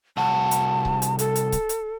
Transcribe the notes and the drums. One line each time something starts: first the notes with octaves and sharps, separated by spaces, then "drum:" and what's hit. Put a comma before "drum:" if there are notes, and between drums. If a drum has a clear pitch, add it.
C2 F#4 A5
drum: hi-hat
drum: kick C#1
drum: hi-hat
A4, drum: hi-hat
drum: hi-hat
drum: kick C#1, hi-hat
drum: hi-hat